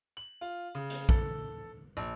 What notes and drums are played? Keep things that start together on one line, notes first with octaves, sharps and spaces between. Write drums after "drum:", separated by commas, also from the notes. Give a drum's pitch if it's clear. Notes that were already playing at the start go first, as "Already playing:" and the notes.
F#7
F4
C#3
drum: hi-hat
A4, drum: kick
A#1